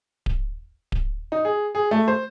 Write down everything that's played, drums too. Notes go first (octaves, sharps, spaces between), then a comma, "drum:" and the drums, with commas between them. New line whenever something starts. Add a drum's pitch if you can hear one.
drum: kick D1
drum: kick D1
D#4
G#4
G#4
A3
C5